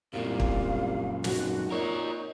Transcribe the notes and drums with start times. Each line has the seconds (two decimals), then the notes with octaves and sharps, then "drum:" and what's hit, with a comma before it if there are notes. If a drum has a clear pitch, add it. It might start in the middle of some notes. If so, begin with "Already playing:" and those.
0.13 C2 F#2 A#2 F5
0.40 drum: kick
1.24 G#1 F#4, drum: snare
1.71 A#2 D#4 A#4 C#5